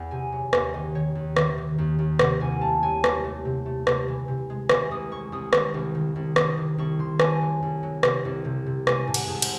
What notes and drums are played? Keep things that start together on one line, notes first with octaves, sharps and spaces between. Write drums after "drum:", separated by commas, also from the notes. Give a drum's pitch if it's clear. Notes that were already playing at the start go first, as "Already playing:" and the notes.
Already playing: E2 F#5
C3 G#5
F#3
D#2 E5, drum: rim click
D#3 D#5
D#3 C#5
D#2
D#3 E5, drum: rim click
D#3
D#2
D#2
C3 F#5, drum: rim click
C2 G#5
A3 A5
F#3 G#5
F#3, drum: rim click
A3
C3
A3
C3, drum: rim click
E3
C3
G#3
E3 E5, drum: rim click
C2 D#6
G#3 C#6
C2 D#6
D#3 C#6, drum: rim click
C2
D#3
C2
C2 D#6, drum: rim click
D#3
C2 C#6
D#3 C6
A3 G#5, drum: rim click
F#3
C2
F#3
C3, drum: rim click
C2
C3
C3
G#3 G#5, drum: rim click
A2
F#5, drum: cymbal
A2 G#4
A4
C5, drum: cymbal